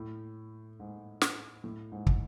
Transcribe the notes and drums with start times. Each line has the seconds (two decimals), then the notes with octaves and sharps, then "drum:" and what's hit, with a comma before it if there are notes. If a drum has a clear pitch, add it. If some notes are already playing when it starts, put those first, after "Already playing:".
Already playing: A2
0.80 G#2
1.21 drum: snare
1.64 A2
1.92 G#2
2.07 drum: kick